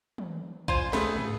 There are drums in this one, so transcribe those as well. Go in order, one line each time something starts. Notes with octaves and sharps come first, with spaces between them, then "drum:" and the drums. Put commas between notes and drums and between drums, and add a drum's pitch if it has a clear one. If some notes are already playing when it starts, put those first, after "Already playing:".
drum: tom
F4 C5 G#5, drum: kick A1
A3 B3 G#4, drum: snare
drum: tom